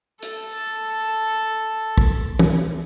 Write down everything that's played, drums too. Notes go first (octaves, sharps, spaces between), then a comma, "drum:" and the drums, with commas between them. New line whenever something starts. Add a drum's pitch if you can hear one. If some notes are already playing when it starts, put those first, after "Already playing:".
A4 A5, drum: hi-hat
drum: kick
drum: tom